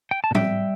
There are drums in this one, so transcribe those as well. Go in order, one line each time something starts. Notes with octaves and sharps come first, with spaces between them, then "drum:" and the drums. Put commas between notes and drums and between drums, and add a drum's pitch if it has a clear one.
G5
A5
A#2
G3 E5 G5, drum: tom